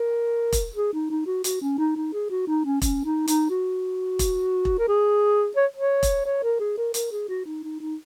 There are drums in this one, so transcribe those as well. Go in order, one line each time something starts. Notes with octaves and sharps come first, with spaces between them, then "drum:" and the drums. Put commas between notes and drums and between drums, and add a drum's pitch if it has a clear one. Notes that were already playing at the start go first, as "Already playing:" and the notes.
Already playing: A#4
drum: kick E1, hi-hat
G#4
D#4
D#4
F#4
F#4, drum: hi-hat
C#4
D#4
D#4
G#4
F#4
D#4
C#4
C#4, drum: kick E1, hi-hat
D#4
D#4, drum: hi-hat
F#4
drum: kick E1, hi-hat
drum: kick E1
A#4
G#4
C#5
C#5
drum: kick E1, hi-hat
C#5
A#4
G#4
A#4
A#4, drum: hi-hat
G#4
F#4
D#4
D#4
D#4